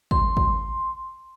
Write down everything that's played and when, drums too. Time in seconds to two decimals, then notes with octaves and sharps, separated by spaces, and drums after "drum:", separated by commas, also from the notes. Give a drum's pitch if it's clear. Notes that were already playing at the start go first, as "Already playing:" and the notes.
0.11 C6, drum: kick
0.37 drum: kick